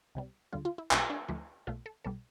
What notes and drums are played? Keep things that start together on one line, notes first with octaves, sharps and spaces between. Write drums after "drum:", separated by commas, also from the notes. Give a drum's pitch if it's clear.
C2 C3 G3
D2 D3 G3 F4
F4
E4
B1 B2 G3 D4, drum: clap
D4
D2 D3 F3 A3 E4
B1 B2 A3 F4
A4
B1 B2 G3 A4